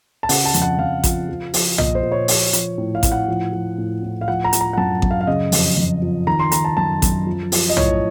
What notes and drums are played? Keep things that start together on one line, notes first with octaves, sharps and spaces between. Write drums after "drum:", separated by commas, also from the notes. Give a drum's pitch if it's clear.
A5
C#3 F#5, drum: open hi-hat
A5
F2, drum: hi-hat
F#5
F2 F5
F3, drum: kick A1, hi-hat
F3
F3, drum: open hi-hat
A#2 D#5, drum: tom B1
C5
A#2
C#5
F3, drum: open hi-hat
F3, drum: hi-hat
A2
F5
A2, drum: kick A1, hi-hat
F#5
F3
F3
A2
A2
F5
F3 F#5
A#5
F3, drum: hi-hat
A#5
F#5
F#2 A5
F#2, drum: kick A1
F5
F5
C#3 D#5
F2, drum: open hi-hat
F2
F3
D#3 A#5
C6
D#3 A#5, drum: hi-hat
A5
F#2 A5
F#2, drum: kick A1, hi-hat
F3
F3, drum: open hi-hat
D#5
A2 C#5, drum: tom B1